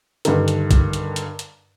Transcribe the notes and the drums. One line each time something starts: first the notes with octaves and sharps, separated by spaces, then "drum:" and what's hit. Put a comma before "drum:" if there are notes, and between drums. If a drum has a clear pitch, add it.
G2 D3 D#3, drum: hi-hat
drum: hi-hat
drum: kick A#1, hi-hat
drum: hi-hat
drum: hi-hat
drum: hi-hat